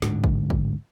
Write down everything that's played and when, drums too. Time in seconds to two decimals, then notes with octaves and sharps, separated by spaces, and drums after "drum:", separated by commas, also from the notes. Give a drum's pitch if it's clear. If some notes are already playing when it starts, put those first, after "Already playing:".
0.02 D1 G#2 D3 D4, drum: snare
0.24 drum: kick
0.50 drum: kick